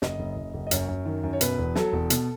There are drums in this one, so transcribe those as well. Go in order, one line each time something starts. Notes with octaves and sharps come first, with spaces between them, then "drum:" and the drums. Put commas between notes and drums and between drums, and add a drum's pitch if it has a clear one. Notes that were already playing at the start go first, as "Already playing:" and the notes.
F#1 D#5, drum: snare
F#1
F#1
F#1
D#5
F#2 C#5, drum: hi-hat
F#2
D#3
F#2
C#5
B2 B4, drum: hi-hat
E1
F#3 A4, drum: snare
E1
B2, drum: hi-hat